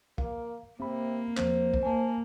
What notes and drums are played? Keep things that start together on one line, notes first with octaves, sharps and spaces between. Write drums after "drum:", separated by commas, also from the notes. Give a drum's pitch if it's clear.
A#3 F5, drum: kick
C3 A#3 C4 B5
E2 F3 C4 C5, drum: clap
drum: kick
A#3 G#5 A5